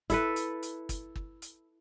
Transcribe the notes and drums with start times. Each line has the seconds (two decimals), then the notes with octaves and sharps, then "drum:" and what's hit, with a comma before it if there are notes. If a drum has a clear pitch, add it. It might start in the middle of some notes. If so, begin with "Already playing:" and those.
0.10 E4 A4 B4, drum: kick, hi-hat
0.36 drum: hi-hat
0.63 drum: hi-hat
0.89 drum: kick, hi-hat
1.15 drum: kick
1.42 drum: hi-hat